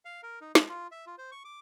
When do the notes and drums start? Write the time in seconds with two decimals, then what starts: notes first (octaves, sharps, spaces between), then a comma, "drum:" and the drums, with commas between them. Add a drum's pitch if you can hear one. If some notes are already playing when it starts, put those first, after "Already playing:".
0.05 F5
0.23 A#4
0.41 D#4
0.55 G#3, drum: snare
0.69 F4
0.92 E5
1.06 F4
1.18 C5
1.31 C#6
1.45 D6